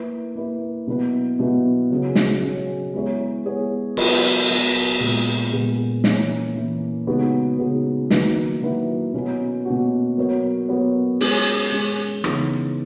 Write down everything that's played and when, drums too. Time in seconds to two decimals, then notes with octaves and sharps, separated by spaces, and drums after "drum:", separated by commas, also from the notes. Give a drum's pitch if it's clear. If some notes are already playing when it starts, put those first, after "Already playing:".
Already playing: A#3 E4 B4
0.36 A#3 E4 B4
0.87 B2 F#3 B3 E4 B4
1.39 B2 F#3 B3 E4 B4
1.90 C#3 F#3 C#4 G#4
2.15 drum: snare
2.42 C#3 F#3 C#4 G#4
2.94 G#3 B3 E4 G#4 C#5
3.45 G#3 B3 E4 G#4 C#5
3.97 F#3 B3 F#4 A#4, drum: cymbal
4.49 F#3 B3 F#4 A#4
5.00 A#2 G#3 B3
5.52 A#2 G#3 B3
6.04 E3 A#3 C#4, drum: snare
6.56 E3 A#3 C#4
7.07 C#3 G#3 B3 D#4 F#4
7.59 C#3 G#3 B3 D#4 F#4
8.10 D#3 F#3 A#3 E4 B4, drum: snare
8.62 D#3 F#3 A#3 E4 B4
9.14 B2 A#3 C#4 F#4
9.65 B2 A#3 C#4 F#4
10.18 F#3 B3 F#4 A#4 C#5
10.69 F#3 B3 F#4 A#4 C#5
11.21 G#3 C#4 G#4, drum: open hi-hat
11.72 G#3 C#4 G#4
12.24 C#3 E3 B3 D#4, drum: rim click